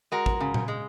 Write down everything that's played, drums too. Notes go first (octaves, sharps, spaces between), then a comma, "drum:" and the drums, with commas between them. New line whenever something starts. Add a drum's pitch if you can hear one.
G#3 F#4 A#4
drum: kick
C#3
drum: tom A#2
G#3